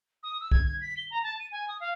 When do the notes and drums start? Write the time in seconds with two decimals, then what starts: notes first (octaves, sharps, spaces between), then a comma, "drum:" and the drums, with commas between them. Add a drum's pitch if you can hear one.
0.23 D#6
0.40 E6
0.51 G#6, drum: kick C2
0.65 G#6
0.81 B6
0.97 G7
1.10 A#5
1.23 A5
1.39 D#7
1.52 G#5
1.68 D#6
1.80 F5